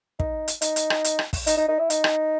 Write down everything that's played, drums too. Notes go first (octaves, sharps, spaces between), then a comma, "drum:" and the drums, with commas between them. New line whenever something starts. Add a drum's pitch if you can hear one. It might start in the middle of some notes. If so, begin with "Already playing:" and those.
D#4, drum: kick
drum: hi-hat
D#4, drum: hi-hat
drum: hi-hat
drum: rim click
drum: hi-hat
drum: rim click
drum: kick, open hi-hat
D#4, drum: hi-hat
D#4
D#4
E4
D#4, drum: hi-hat
drum: rim click